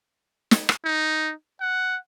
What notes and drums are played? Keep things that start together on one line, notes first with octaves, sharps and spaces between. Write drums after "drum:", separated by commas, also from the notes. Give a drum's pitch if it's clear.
drum: snare
drum: rim click
D#4
F#5